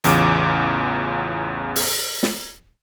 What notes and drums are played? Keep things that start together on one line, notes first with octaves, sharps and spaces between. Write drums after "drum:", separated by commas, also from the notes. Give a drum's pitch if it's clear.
A1 E2 C#3 F4 D6, drum: hi-hat
drum: open hi-hat
drum: snare